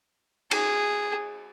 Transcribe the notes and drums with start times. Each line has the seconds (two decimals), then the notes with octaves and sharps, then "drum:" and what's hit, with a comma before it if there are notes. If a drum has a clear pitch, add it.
0.51 G#4, drum: cymbal